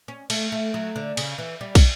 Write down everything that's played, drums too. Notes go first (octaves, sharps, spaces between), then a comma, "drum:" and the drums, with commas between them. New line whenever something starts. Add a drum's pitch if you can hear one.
C#4
A3, drum: cymbal
A3
F#3
D3
C#3, drum: cymbal
E3
G3
drum: kick, cymbal